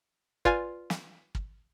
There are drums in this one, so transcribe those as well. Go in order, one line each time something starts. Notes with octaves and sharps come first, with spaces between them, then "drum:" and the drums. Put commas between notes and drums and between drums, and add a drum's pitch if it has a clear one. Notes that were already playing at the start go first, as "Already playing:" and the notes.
F4 B4 D5 G#5 A6, drum: kick
drum: snare
drum: kick